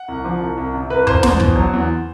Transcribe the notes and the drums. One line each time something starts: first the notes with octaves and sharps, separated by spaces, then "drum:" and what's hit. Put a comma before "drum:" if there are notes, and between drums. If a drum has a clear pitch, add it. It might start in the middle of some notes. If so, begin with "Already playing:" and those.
Already playing: F#5
C2
F3
C2
C2
C3
C2 B4
C2 C5, drum: kick
E2 C5, drum: snare
B2, drum: kick
F#3
E2